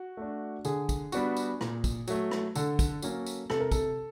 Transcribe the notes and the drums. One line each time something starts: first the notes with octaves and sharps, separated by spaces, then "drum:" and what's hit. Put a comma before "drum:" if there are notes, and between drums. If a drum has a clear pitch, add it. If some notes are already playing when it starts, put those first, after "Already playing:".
Already playing: F#4
A3 D4
D3 G#4, drum: tambourine
drum: kick, tambourine
G3 B3 D4 F#4, drum: tambourine
drum: tambourine
A#2, drum: rim click
drum: kick, tambourine
F#3 A3, drum: tambourine
drum: rim click
D3 A4, drum: tambourine
drum: kick, tambourine
F#3 A#3 C#4, drum: tambourine
drum: tambourine
C3 A4, drum: rim click
A#4
A4, drum: kick, tambourine